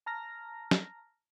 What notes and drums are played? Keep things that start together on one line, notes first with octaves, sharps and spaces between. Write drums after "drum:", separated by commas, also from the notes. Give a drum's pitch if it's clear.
A5 A#5 F6 A#6
drum: snare